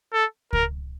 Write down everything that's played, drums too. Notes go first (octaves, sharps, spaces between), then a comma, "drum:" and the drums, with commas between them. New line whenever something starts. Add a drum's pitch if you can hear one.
A4
A#4, drum: kick C#2